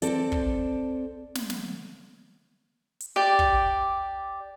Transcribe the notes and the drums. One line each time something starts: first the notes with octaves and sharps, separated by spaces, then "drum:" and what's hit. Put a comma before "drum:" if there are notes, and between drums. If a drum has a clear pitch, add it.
C4 A4 D5, drum: hi-hat
drum: kick
drum: snare
drum: snare
drum: hi-hat
G4 D5
drum: kick